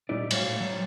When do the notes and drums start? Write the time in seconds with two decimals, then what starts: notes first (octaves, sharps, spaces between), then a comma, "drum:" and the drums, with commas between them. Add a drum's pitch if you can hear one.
0.09 A#2 F#3 G3 D#4 E4 D5
0.31 A2 C#5 F5, drum: cymbal
0.61 F#3